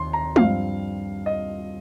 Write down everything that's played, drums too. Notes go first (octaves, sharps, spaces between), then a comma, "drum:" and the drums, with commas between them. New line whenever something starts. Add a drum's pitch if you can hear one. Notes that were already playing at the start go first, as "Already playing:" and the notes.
Already playing: D#2 C6
A#5
G2 F3 C4 F5, drum: tom G#3
D#5